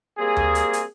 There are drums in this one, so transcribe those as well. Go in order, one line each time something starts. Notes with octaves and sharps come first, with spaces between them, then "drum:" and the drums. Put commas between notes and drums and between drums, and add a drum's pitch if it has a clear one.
G3 A#3 C4 G#4
drum: tom D2
drum: hi-hat
drum: hi-hat